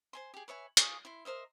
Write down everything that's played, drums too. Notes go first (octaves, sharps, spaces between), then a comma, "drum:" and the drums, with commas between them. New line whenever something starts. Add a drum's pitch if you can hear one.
C5 G#5 C6
G4 G#4
B4 C#5 E5 G#5
F4 G#4 C#6 D#6, drum: hi-hat
E4 C6
A#4 C5 D#5 E5